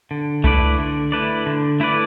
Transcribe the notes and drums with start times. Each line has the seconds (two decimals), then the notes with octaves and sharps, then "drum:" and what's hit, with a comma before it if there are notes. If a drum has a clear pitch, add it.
0.11 D3
0.44 A3 E4 B4 D5, drum: kick C2
0.79 D3
1.12 A3 E4 B4 D5
1.46 D3
1.80 A3 E4 B4 D5